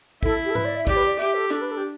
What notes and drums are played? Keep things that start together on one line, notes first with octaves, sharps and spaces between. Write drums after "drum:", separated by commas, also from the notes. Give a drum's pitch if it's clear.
E4 A4, drum: kick
G4
A4
B4, drum: tom G#2
D5
E5
G4 D5, drum: kick, hi-hat
B4
D5
G4 E5, drum: hi-hat
A4
D4 A4, drum: hi-hat
B4
A4
G4